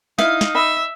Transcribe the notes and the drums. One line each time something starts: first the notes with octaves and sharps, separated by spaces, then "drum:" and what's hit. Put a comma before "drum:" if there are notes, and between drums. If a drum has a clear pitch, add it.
D#4 E4 E5 F5, drum: snare
drum: snare
D#5 E5 B5